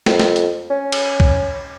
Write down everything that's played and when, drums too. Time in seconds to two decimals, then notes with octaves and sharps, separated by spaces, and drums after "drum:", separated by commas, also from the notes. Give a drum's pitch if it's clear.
0.06 F2, drum: snare
0.20 drum: snare
0.36 drum: hi-hat
0.70 C#4
0.92 drum: cymbal
1.20 drum: kick C2